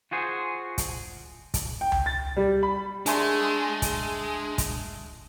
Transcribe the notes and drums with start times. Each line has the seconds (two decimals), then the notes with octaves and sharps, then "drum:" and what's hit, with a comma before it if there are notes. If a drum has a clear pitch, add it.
0.11 F4 F#4 G#4 C5
0.78 drum: kick, hi-hat
1.54 drum: kick, hi-hat
1.81 G5
1.92 drum: tom C#2
2.06 A6
2.37 G3
2.63 B5
3.06 D3 G#3 A3 D4 A#4 G#5 C6, drum: hi-hat
3.82 drum: kick, hi-hat
4.58 drum: kick, hi-hat